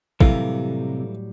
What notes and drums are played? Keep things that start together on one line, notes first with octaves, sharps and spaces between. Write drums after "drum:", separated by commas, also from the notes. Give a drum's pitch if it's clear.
A2 C3 E3 F#3 G3 A4 A#4 F5, drum: kick